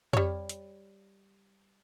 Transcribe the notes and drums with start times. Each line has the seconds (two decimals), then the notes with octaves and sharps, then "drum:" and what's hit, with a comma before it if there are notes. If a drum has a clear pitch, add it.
0.13 G3 C#5, drum: tom F2
0.49 drum: hi-hat